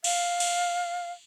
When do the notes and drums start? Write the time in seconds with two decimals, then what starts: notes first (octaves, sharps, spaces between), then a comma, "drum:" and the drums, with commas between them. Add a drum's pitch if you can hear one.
0.04 F5, drum: cymbal
0.40 drum: cymbal